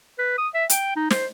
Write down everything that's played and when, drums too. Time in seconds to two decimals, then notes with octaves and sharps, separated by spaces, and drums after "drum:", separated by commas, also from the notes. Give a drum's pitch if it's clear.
0.18 B4
0.38 D#6
0.54 E5
0.70 G5, drum: hi-hat
0.96 D#4
1.11 C5, drum: snare